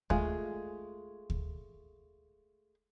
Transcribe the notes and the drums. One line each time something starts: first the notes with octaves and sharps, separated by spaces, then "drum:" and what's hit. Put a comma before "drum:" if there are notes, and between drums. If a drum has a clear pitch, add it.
G#3 A3 F4, drum: kick D2
drum: kick D2